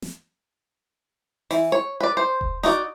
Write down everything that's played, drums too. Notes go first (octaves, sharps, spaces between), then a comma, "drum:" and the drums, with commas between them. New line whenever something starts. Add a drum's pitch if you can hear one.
drum: snare
E3, drum: open hi-hat
C#5
B4 D5
C5
drum: kick E1
D#4 F#4 D5, drum: snare